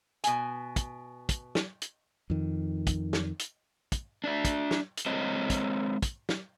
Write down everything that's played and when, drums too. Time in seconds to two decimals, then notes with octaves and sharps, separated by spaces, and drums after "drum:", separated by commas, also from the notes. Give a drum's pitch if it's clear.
0.24 B2 G#5, drum: hi-hat
0.76 drum: kick, hi-hat
1.29 drum: kick, hi-hat
1.55 drum: snare
1.82 drum: hi-hat
2.30 F2 D#3
2.87 drum: kick, hi-hat
3.13 drum: snare
3.39 drum: hi-hat
3.92 drum: kick, hi-hat
4.24 D4 D5 E5
4.45 drum: kick, hi-hat
4.71 drum: snare
4.97 drum: hi-hat
5.06 G#3 C4 C5 C#5 D#5
5.50 drum: kick, hi-hat
6.02 drum: kick, hi-hat
6.29 drum: snare